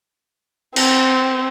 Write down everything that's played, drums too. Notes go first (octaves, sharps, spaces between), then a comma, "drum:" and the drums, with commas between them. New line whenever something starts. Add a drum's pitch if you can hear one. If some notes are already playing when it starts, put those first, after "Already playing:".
C4, drum: cymbal